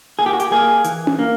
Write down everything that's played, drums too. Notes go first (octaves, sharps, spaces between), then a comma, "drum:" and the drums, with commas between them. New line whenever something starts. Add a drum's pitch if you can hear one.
A#3 G#4
G4
F#4
G4, drum: hi-hat
A#3 G#4
E3, drum: hi-hat
drum: tom C#4
A#3